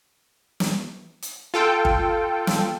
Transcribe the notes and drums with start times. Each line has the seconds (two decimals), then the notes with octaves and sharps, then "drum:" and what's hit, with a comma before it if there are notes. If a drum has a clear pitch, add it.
0.60 drum: snare
1.22 drum: hi-hat
1.54 F4 A4 G5
1.85 drum: kick G1
2.47 drum: snare